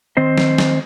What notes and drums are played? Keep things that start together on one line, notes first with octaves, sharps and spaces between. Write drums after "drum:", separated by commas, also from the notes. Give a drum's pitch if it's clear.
D#3 C4 C5 D#5
drum: snare
drum: snare